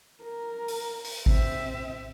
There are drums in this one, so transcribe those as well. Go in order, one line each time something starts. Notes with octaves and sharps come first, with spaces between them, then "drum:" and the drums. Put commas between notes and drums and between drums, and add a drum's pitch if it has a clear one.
A#4
drum: open hi-hat
drum: open hi-hat
C4 E5, drum: kick G#1